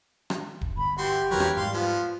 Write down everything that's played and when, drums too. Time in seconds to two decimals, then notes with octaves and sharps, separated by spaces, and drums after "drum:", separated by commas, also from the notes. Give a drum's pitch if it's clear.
0.30 drum: rim click
0.61 drum: kick D#1
0.77 G1 B5
0.98 E3 F#4 G4 C6
1.31 E2 E3 F#3 A#4 B4 C#5
1.40 drum: rim click
1.57 G#2 G3 F5 C6
1.73 F3 B3 F4